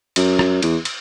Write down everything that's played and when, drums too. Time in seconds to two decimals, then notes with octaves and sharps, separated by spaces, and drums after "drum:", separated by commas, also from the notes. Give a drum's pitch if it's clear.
0.16 F#2, drum: cymbal
0.39 drum: rim click
0.62 E2, drum: cymbal
0.85 drum: cymbal